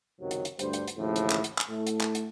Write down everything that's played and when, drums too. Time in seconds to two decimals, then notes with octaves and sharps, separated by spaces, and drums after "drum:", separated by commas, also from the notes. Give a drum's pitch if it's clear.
0.21 C#2 F#2 C3 D#3 F#3
0.31 drum: hi-hat
0.45 drum: hi-hat
0.59 D2 G2 G3 C5, drum: hi-hat
0.73 drum: hi-hat
0.88 drum: hi-hat
0.97 A1 D#2 A2 C#3 F3
1.16 drum: hi-hat
1.30 drum: clap
1.44 drum: hi-hat
1.58 drum: clap
1.69 A2 A3
1.87 drum: hi-hat
2.01 drum: clap
2.15 drum: hi-hat